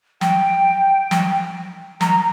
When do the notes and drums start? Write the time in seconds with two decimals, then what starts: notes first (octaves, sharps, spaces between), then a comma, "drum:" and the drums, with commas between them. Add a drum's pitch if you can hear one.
0.21 G5, drum: snare
1.11 drum: snare
2.01 A#5, drum: snare